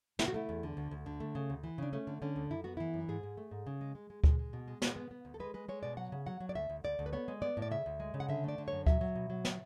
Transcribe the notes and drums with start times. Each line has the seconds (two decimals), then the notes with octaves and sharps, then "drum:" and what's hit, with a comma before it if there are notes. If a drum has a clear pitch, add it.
0.19 A3 E4, drum: snare
0.28 F#4
0.34 A3 E4
0.49 E2
0.63 D3
0.77 D2
0.91 D2
1.06 D3
1.20 A3
1.35 C#3
1.50 D2
1.63 E3
1.78 C#3 D4
1.93 A3 C#4
2.07 D3
2.22 D3 C#4
2.36 D2
2.50 F#2 E4
2.64 B3 F#4
2.77 E3 E4
2.94 F#2
3.08 G#2 G#4
3.23 G#2
3.37 A3
3.51 G#2
3.67 C#3
3.81 G#3
3.95 G#3
4.10 G#3
4.24 G#3, drum: kick D2
4.39 G#3
4.53 B2
4.68 G#3
4.82 G#3, drum: snare
4.96 B3
5.11 B3
5.25 D2
5.34 A4
5.40 G#3 B4
5.54 G#3 B4
5.69 G#3 C#5
5.83 B2 D5
5.97 F#3 F#5
6.12 C#3
6.26 F#3 F#5
6.40 F#3
6.49 D5
6.55 D2 E5
6.69 D2
6.84 D2 D5
6.99 D2
7.06 B4
7.13 B3 C#5
7.28 G#3
7.42 B3 D5
7.57 A2
7.62 D5
7.71 C#3 E5
7.86 D2
8.00 G#3
8.14 C#3
8.20 F#5
8.29 D3 E5
8.44 A3 D5
8.58 D3
8.68 F#2 C#5
8.87 F#3 E5, drum: kick D2
9.01 F#3
9.15 B2
9.30 F#3
9.45 drum: snare